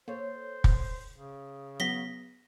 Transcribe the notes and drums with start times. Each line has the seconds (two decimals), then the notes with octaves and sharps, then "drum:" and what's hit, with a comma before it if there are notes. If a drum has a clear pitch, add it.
0.08 A#3 A4 C5 C#5
0.64 drum: kick
1.15 C#3
1.80 F#3 B3 A#6 B6 G7